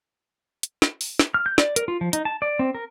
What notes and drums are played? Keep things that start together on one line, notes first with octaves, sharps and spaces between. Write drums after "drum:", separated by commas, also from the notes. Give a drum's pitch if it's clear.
drum: hi-hat
drum: snare
drum: open hi-hat
drum: snare
F6
G6
D5, drum: snare
A#4, drum: hi-hat
F4
F3
D#4, drum: hi-hat
A5
D5
C4
A#4